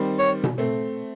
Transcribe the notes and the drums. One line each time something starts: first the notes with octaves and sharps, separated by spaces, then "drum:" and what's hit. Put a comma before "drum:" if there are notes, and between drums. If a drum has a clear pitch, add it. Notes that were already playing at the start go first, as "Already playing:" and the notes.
Already playing: D#3 G3 C4
C#5
drum: tom B2
A3 C4